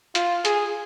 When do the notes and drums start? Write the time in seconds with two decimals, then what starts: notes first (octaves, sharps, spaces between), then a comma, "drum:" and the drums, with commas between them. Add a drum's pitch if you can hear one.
0.15 F4, drum: hi-hat
0.45 G#4, drum: hi-hat